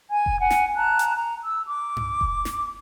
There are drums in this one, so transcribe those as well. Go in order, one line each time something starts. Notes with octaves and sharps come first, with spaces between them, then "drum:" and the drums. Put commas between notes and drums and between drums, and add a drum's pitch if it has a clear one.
G#5 G#6
drum: kick F1
F#5 G#5
drum: snare
A5 A#5 F#6
drum: hi-hat
A#5
E6
D6
drum: tom G2
drum: kick F1
drum: snare